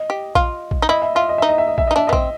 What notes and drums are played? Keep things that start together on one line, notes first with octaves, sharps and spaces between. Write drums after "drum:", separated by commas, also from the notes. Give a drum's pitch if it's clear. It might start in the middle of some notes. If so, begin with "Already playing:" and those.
Already playing: D#5
G4
F4, drum: kick A#1
drum: kick A#1
D#4
E4 D#5
E5
F4 E5
D#5
D#4 E5
D#5
E5
D#5
E5, drum: kick A#1
D#4 D#5
D4 E5
B3 D#5
C4, drum: kick A#1